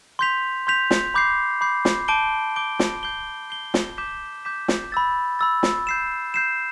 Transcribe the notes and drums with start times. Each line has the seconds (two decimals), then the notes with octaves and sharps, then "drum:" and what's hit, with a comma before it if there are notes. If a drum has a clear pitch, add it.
0.19 C6 G6 B6 F7
0.67 C6 G6 B6 F7
0.91 drum: snare
1.14 B5 D6 G6 C7
1.61 B5 D6 G6 C7
1.85 drum: snare
2.08 A5 D6 G6 D7 G7
2.56 A5 D6 G6 D7 G7
2.79 drum: snare
3.03 G6 C7 G7
3.50 G6 C7 G7
3.74 drum: snare
3.98 D6 G6 B6 E7
4.45 D6 G6 B6 E7
4.68 drum: snare
4.92 B5 E6 A6
5.39 B5 E6 A6
5.63 drum: snare
5.87 G6 C7 E7
6.34 G6 C7 E7